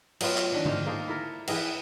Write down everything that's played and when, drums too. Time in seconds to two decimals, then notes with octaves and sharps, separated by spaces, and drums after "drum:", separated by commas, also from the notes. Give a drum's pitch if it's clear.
0.21 F#3 A3 B3 F4, drum: cymbal
0.37 drum: clap
0.52 D#3 E3 D4
0.65 G#2 D#3 F5, drum: tom D3
0.86 A#3 G#4 A4 C5
1.08 E4 A4 A#4
1.47 E3 E4 G#4 A#4, drum: cymbal